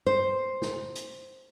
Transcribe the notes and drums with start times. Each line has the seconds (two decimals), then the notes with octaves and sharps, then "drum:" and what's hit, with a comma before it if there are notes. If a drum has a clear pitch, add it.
0.06 C5
0.62 drum: snare
0.95 drum: hi-hat